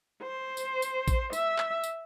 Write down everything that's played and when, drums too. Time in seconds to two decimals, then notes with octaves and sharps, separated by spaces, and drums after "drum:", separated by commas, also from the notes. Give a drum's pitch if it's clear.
0.23 C5
0.57 drum: tambourine
0.82 drum: tambourine
1.08 drum: kick, tambourine
1.33 E5, drum: tambourine
1.58 drum: clap
1.84 drum: tambourine